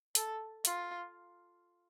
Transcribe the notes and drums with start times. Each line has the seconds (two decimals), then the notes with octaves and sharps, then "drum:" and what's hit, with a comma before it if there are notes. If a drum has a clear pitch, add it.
0.15 A4, drum: hi-hat
0.65 F4, drum: hi-hat